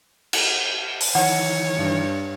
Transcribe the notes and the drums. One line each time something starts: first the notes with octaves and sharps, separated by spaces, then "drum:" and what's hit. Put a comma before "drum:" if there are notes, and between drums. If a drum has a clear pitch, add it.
drum: cymbal
drum: open hi-hat
D#3 E3 C#5 F#5
G2